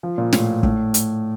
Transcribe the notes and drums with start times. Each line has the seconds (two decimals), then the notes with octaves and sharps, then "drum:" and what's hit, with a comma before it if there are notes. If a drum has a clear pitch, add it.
0.03 F3
0.18 A#2
0.33 A2, drum: snare
0.63 A2, drum: kick
0.94 drum: hi-hat